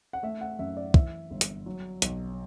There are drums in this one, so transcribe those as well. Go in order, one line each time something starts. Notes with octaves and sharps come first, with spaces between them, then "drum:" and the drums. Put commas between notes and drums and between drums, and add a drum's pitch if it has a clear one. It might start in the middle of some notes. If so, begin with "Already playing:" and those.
F#5
A3 E5
F#5
F#2 E5
D5
E3 E5, drum: kick
G1
drum: hi-hat
F#3
B1, drum: hi-hat